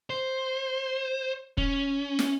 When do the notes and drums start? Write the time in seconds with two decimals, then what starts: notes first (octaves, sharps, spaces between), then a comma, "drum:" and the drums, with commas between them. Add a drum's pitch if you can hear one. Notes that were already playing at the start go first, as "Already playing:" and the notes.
0.10 C5
1.57 C#4, drum: kick
2.19 drum: snare